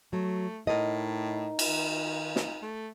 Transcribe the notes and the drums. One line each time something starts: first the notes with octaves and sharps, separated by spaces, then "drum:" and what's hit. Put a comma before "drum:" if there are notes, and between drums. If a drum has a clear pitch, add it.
F#3 A3
A2 D#4 A#4 D#5
drum: cymbal
D#3
drum: snare
A3